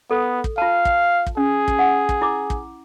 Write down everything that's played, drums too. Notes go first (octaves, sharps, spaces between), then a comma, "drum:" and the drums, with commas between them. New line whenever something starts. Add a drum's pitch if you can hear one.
B3 A4
drum: kick
F4 F5 A5
drum: kick
drum: kick
C#4 G#4
drum: kick
F#5
drum: kick
E4 D6
drum: kick